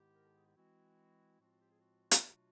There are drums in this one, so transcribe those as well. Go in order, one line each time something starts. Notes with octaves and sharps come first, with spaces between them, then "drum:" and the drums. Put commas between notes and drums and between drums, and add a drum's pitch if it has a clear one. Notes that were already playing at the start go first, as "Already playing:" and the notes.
Already playing: G#2 D#3 G#3 B3 E4 G4
A#4
A4
G#4
G4
E3 G#3 C4 E4 F#4
A2 F3 G#3 C4 F4 F#4
F#4
G4
G#4
F#4
drum: hi-hat
B2 F#3 A3 D4 F4